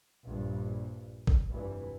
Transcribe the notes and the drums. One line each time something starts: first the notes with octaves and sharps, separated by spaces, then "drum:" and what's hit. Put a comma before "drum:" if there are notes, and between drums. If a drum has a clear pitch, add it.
A#1 G2
drum: kick
F1 G2 E3